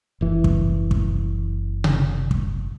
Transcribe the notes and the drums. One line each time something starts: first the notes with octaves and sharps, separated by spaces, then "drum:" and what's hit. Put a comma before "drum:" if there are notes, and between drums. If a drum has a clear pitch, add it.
F#1 E3
drum: kick
drum: kick
drum: tom C3
drum: kick